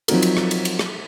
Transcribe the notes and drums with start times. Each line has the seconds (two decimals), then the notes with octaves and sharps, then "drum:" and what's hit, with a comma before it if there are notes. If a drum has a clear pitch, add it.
0.08 F3 F#3 C4 D#4 F#4 A#4, drum: cymbal
0.22 drum: cymbal
0.37 drum: rim click
0.51 drum: cymbal
0.65 drum: cymbal
0.79 drum: rim click